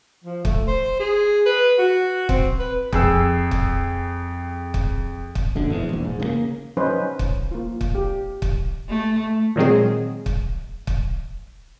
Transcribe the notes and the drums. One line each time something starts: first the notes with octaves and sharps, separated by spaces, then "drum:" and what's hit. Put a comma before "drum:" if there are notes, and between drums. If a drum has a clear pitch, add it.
F3
A3, drum: kick
C5
G#4
B4
F#4
C4, drum: kick
B4
F2 G#4 E6, drum: kick
drum: kick
drum: kick
drum: kick
A#1 F#2 D3
E2 G#2
E1 A#1
G#2
C#3 E3 A#3
F#3 C#4 D#4 B4 C5
drum: kick
A#3 F4
drum: kick
G4
drum: kick
A3
A#2 D#3 F#3 G#3 C4 G#4
drum: kick
drum: kick